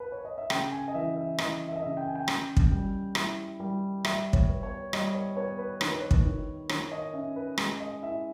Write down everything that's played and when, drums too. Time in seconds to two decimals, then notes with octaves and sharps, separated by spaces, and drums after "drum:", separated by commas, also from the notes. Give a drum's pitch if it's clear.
0.00 B4
0.12 C#5
0.25 D#5
0.38 E5
0.50 C#3 G5, drum: rim click
0.72 G#5
0.88 D#5
0.95 E3 E5
1.17 E5
1.38 E3 D#5, drum: rim click
1.68 E5
1.76 D#5
1.82 C#3 E5
1.97 G5
2.07 G#5
2.15 G5
2.28 C#4, drum: rim click
2.57 drum: kick
2.72 G3
3.15 E4, drum: rim click
3.60 G3
4.05 G3 E5, drum: rim click
4.33 C#5, drum: kick
4.49 B3
4.63 C#5
4.93 G3 D#5, drum: rim click
5.15 C#5
5.37 B3 C#5
5.59 B4
5.81 D#3 C#5, drum: rim click
5.91 B4
6.00 C#5
6.11 drum: kick
6.26 D#3
6.69 D#3 C#5, drum: rim click
6.92 D#5
7.13 C#4 E5
7.36 B4
7.58 G#3, drum: rim click
7.80 D#5
8.02 E4 E5